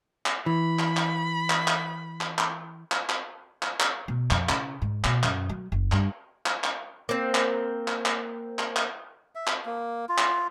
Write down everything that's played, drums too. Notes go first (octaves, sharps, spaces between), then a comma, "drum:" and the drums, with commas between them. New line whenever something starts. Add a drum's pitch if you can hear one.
drum: clap
E3 B5
drum: clap
drum: clap
drum: clap
drum: clap
drum: clap
drum: clap
drum: clap
drum: clap
drum: clap
drum: clap
B2
F2, drum: clap
C#3, drum: clap
G#2
B2, drum: clap
F#2, drum: clap
F#3
F#1
G2, drum: clap
drum: clap
drum: clap
A#3 C4
drum: clap
drum: clap
drum: clap
drum: clap
drum: clap
E5
drum: clap
A#3
F4
drum: clap